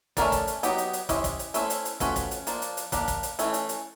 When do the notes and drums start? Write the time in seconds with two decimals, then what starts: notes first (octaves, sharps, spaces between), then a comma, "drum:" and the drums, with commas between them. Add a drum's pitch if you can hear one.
0.17 A3 C#4 F#4 A#4 D5, drum: kick, hi-hat
0.32 drum: kick, hi-hat
0.47 drum: hi-hat
0.63 F#3 B3 D#4 G4, drum: hi-hat
0.78 drum: hi-hat
0.93 drum: hi-hat
1.09 C#4 E4 G4 C5 D#5, drum: kick, hi-hat
1.24 drum: kick, hi-hat
1.39 drum: hi-hat
1.54 A3 C#4 E4 G#4 C5, drum: hi-hat
1.70 drum: hi-hat
1.85 drum: hi-hat
2.00 F3 A3 C#4 F#4 B4, drum: kick, hi-hat
2.16 drum: kick, hi-hat
2.31 drum: hi-hat
2.47 F3 A#3 D4, drum: hi-hat
2.62 drum: hi-hat
2.77 drum: hi-hat
2.92 A#3 D4 G4 A#4, drum: kick, hi-hat
3.08 drum: kick, hi-hat
3.23 drum: hi-hat
3.39 E3 A3 C#4, drum: hi-hat
3.54 drum: hi-hat
3.69 drum: hi-hat